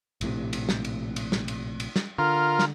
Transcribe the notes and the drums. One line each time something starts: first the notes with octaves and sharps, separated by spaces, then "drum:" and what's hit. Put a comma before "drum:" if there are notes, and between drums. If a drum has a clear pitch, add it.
A#1 A2 C3, drum: cymbal
drum: cymbal
drum: snare
drum: cymbal
drum: cymbal
drum: snare
drum: cymbal
drum: cymbal
drum: snare
D3 F4 A#4
drum: snare